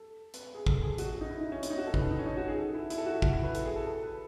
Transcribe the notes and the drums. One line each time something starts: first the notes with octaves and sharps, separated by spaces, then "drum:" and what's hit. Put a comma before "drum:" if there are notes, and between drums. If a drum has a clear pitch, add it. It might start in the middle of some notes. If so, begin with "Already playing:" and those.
Already playing: A4
B4, drum: hi-hat
G#4
A4, drum: kick
G#4
F#4, drum: hi-hat
D#4
E4
D#4
C#4
C#4, drum: hi-hat
D#4
F#4
A4
B4, drum: kick
A4
D#4
C#4
D#4
F#4
G#4
A4
E4
E4, drum: hi-hat
A4
F#4
E4
F#4, drum: kick
E4
B4
A4, drum: hi-hat
G#4
A4
A4
B4